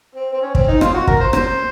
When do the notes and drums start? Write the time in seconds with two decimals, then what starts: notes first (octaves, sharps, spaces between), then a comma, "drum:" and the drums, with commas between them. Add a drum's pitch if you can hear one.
0.15 C4
0.33 C4
0.41 C#4
0.55 C4, drum: kick
0.68 D#4
0.81 F4, drum: rim click
0.94 F#4
1.07 A#4, drum: kick
1.20 C5
1.33 C5, drum: rim click